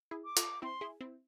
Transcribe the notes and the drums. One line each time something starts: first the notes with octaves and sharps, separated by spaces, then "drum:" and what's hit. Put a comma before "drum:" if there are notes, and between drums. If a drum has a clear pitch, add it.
E4 G#4
D6
F4 A4, drum: hi-hat
C4 E4 C6
E4 G#4
C4 E4